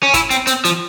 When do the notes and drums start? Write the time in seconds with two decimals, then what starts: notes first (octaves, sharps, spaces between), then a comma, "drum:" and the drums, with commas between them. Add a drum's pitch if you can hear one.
0.03 C#4
0.14 E4, drum: kick, hi-hat
0.30 C4, drum: hi-hat
0.47 C4, drum: hi-hat
0.65 F3, drum: hi-hat